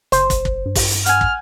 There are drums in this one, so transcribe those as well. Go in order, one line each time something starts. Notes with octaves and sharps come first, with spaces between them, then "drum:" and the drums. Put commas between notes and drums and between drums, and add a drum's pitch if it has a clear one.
F#1 C5, drum: hi-hat
drum: kick, hi-hat
drum: kick
G2
drum: kick, open hi-hat
drum: hi-hat
F#5 G#5 F6, drum: hi-hat
drum: kick